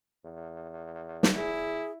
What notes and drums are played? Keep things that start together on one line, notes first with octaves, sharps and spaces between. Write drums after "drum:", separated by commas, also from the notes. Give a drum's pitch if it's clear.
E2
drum: snare
E4 G#4